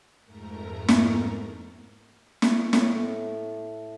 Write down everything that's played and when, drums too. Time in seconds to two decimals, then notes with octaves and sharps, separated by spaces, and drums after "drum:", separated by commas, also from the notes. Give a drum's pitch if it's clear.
0.24 F2 G#2 A3 A#4 A#5
0.88 drum: snare
2.42 drum: snare
2.73 A2, drum: snare